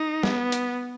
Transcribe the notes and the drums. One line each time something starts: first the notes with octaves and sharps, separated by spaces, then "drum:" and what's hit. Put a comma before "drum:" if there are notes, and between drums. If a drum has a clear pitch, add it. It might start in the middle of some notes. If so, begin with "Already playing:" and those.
Already playing: D#4
B3, drum: snare
drum: hi-hat